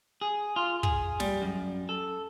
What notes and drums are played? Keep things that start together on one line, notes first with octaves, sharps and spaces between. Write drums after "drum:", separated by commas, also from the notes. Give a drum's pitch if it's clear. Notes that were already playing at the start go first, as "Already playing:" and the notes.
G#4
F4
G#4, drum: kick
G3, drum: snare
F#2
A4